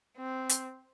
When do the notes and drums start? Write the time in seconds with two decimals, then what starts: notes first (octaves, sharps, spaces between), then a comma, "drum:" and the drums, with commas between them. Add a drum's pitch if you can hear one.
0.17 C4
0.49 drum: hi-hat